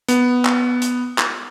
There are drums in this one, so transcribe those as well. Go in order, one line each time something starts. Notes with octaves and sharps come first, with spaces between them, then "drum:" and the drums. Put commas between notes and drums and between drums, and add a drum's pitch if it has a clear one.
B3, drum: hi-hat
drum: clap
drum: hi-hat
drum: clap